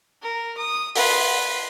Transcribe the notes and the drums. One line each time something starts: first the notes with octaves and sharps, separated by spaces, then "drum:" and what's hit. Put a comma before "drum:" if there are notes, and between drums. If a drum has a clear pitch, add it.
A#4
D#6
B4 C6, drum: open hi-hat